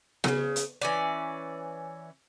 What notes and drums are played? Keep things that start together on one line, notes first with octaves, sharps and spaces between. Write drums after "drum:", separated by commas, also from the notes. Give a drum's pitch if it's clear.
A#2 C#3, drum: snare B3
drum: hi-hat
E3 C#4 D5